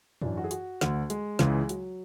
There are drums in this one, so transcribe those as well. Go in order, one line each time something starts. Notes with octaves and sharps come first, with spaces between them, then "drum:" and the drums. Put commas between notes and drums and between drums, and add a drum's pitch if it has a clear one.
F#2 E3 D4, drum: tom G#2
F#4
G#4
F#4, drum: hi-hat
D2 D3, drum: snare
G#3, drum: hi-hat
C#2 C#3 E3, drum: snare
F#3, drum: hi-hat